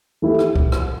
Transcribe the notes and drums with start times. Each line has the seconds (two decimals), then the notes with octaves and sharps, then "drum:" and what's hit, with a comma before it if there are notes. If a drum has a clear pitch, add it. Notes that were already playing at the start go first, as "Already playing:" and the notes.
0.22 E3 A3 E4 G4
0.39 drum: rim click
0.56 drum: kick C2
0.72 drum: rim click